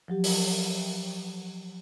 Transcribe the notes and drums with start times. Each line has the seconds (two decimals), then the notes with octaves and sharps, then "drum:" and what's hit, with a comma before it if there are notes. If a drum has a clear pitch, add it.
0.08 F3 F#3 G4
0.24 drum: open hi-hat